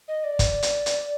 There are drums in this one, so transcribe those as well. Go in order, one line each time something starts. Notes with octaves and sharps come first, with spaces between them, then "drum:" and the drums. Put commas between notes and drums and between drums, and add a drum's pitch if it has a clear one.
D#5
D5
drum: kick, hi-hat
drum: hi-hat
drum: hi-hat